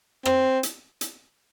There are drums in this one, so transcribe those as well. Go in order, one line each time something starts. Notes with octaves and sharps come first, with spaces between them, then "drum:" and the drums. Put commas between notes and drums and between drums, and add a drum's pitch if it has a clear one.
C4, drum: rim click
drum: hi-hat
drum: hi-hat